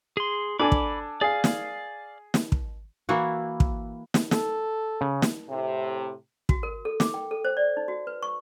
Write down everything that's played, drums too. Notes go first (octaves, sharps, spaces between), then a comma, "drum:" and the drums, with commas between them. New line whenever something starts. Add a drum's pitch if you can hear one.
G#4 C6
D4 A4 G#5 B5 D6
drum: kick
G#4 D5 F5
drum: snare
drum: snare
drum: kick
E3 A#3 E4 F#4
drum: kick
drum: snare
A4, drum: snare
C#3
drum: snare
A2 C3
F#4, drum: kick
A#4
A4
D6, drum: snare
G5
A4
C5
D5
D#4
F#4
B4
C#6